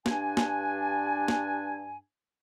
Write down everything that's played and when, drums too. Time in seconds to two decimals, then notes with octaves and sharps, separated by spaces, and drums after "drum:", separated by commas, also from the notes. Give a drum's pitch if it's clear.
0.06 G2 D4 G#5, drum: snare
0.37 drum: snare
1.28 drum: snare